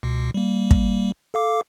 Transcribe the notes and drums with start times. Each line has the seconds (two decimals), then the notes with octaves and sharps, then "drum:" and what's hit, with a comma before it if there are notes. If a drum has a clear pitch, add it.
0.03 C#2 B2
0.34 G3 A#3
0.71 drum: kick
1.34 A4 F5 D6